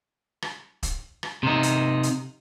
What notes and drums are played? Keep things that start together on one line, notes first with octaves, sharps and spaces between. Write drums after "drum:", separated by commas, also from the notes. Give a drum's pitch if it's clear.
drum: rim click
drum: kick, hi-hat
drum: rim click
C3 D#4
drum: hi-hat
drum: hi-hat